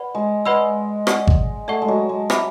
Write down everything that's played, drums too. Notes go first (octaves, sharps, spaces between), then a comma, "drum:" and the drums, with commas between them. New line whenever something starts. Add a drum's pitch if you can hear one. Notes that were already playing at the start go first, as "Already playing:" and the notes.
Already playing: B4 D5 F#5 B5
G#3
G#3 B4 D5 F#5 B5 E6
D5 F#5 C#6, drum: rim click
drum: kick G#1
A3 D5 F#5 C#6
G#3
F#3
G#3
F#3 E5 G#5 B5 D6, drum: rim click